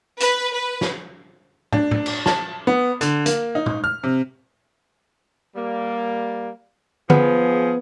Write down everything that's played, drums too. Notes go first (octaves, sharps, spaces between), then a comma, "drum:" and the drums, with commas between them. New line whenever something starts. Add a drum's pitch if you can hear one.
B4, drum: hi-hat
B4
drum: snare
D4, drum: tom
drum: tom
drum: cymbal
A5, drum: snare
B3
D3, drum: hi-hat
A#3, drum: hi-hat
D#4
drum: tom
F6
C3
G3 A#3
F3 B3 G#4, drum: tom